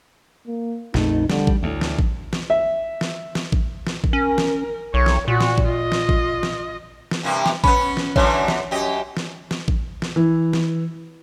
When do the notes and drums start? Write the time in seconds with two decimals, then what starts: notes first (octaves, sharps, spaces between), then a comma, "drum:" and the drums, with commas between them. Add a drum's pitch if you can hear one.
0.47 A#3
0.94 A#1 F2 A3 D#4, drum: snare
1.30 D3 G3, drum: snare
1.47 drum: kick A1
1.63 D2 A2
1.81 drum: snare
1.99 drum: kick A1
2.33 drum: snare
2.50 E5
3.01 drum: snare
3.35 drum: snare
3.52 drum: kick A1
3.87 drum: snare
4.04 drum: kick A1
4.13 C#4 A#4
4.38 drum: snare
4.94 B1 C#5
5.06 drum: snare
5.28 A#2 F#4
5.40 drum: snare
5.58 drum: kick A1
5.68 F4 D#5
5.92 drum: snare
6.09 drum: kick A1
6.43 drum: snare
7.11 drum: snare
7.23 G2 C3 A#3
7.46 drum: snare
7.64 B3 C#4 B5, drum: kick A1
7.97 drum: snare
8.16 F#2 D3 E3 C#5, drum: kick A1
8.48 drum: snare
8.71 F#2 G4 D#5
9.17 drum: snare
9.51 drum: snare
9.68 drum: kick A1
10.02 drum: snare
10.16 E3
10.53 drum: snare